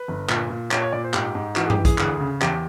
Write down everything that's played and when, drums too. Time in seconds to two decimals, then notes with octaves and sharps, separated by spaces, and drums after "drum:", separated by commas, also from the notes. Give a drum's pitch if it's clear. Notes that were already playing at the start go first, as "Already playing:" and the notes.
Already playing: B4
0.08 G1
0.29 A#2, drum: clap
0.50 A#2
0.71 A#2 C#5, drum: clap
0.82 C#5
0.93 A#2 D5
1.04 C5
1.13 G#2 G4, drum: clap
1.35 G#2
1.56 E3 F#4, drum: clap
1.66 G#4
1.70 G4, drum: tom G2
1.78 E3
1.85 G#4, drum: kick A#1, hi-hat
1.98 D2 G#4, drum: clap
2.20 C#3
2.41 E2 G4, drum: clap